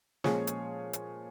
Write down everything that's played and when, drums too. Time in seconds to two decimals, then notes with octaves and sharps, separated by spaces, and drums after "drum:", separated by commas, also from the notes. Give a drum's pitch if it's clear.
0.24 A#2 F3 G#3 C#4 G#4 C#5, drum: snare
0.47 drum: hi-hat
0.93 drum: hi-hat